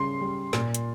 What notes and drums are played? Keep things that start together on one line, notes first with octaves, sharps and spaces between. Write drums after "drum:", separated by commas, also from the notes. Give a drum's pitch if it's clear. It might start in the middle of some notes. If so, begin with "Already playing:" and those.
Already playing: C#3 G3 C6
G3
A#2, drum: snare
drum: hi-hat